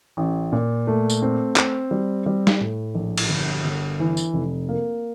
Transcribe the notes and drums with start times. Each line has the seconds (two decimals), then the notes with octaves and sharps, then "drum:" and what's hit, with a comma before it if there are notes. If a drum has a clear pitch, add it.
0.17 A1
0.52 A#2
0.87 A3
1.10 drum: tambourine
1.22 C4
1.56 C4, drum: clap
1.91 G3
2.26 G3
2.47 drum: snare
2.61 A2
2.95 A#1
3.18 drum: cymbal
3.29 G1
3.64 G1
3.99 E3
4.17 drum: tambourine
4.33 F1
4.69 A#3